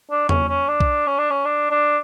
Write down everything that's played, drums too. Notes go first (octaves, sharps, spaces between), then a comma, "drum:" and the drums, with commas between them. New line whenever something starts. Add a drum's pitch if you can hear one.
D4
C#4, drum: tom E2
C#4
D4
drum: kick B1
C#4
D4
C#4
D4
D4